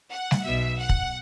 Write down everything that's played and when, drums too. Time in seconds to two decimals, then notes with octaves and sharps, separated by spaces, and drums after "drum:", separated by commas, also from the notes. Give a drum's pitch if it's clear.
0.11 F#5
0.31 drum: snare
0.44 B1 B2 E5
0.79 F#5
0.89 drum: kick